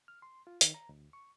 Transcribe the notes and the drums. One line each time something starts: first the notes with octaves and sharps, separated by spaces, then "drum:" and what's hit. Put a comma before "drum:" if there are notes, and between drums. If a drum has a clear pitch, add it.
F6
C6
F4
D#3, drum: hi-hat
A#5
D2
C#6